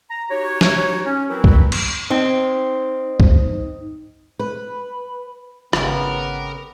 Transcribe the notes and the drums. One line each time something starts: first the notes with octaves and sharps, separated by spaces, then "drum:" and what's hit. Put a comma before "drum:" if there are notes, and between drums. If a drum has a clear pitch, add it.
A#5
D#4 F#4 G4 C#5
drum: snare
C#4
F#3 C4 E4 F#4 A#4 B4
drum: kick
drum: cymbal
C4 D#4
drum: kick
B4
G#1 C#3 B3 A#4 G5 D6, drum: rim click